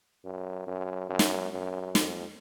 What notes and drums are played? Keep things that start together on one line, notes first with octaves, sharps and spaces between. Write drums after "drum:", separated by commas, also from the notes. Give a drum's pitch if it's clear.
F#2
F#2
F#2
drum: snare
F#2
F2, drum: snare